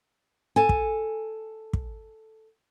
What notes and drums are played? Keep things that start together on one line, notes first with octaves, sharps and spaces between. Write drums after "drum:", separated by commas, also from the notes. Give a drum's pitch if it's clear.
A4 G#5
drum: kick
drum: kick